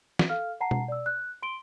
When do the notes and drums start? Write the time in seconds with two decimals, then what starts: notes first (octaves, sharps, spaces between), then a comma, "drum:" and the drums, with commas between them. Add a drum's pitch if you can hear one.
0.19 drum: snare
0.29 A4 F5 F6
0.61 F#5 A5 A#5 C7
0.71 drum: tom B2
0.88 D5 E6
1.06 F#6
1.43 C6 D7 G7